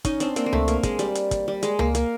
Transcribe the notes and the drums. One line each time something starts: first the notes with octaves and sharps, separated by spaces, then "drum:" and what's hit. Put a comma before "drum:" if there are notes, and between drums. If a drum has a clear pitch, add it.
C#4 D#4, drum: kick, hi-hat
C4 D4, drum: hi-hat
A#3 C4, drum: hi-hat
A#3
A3, drum: tom C#2
A#3, drum: hi-hat
G#3, drum: kick, hi-hat
G3, drum: hi-hat
drum: hi-hat
drum: kick, hi-hat
G3
G#3, drum: hi-hat
A#3, drum: tom C#2
A#3, drum: hi-hat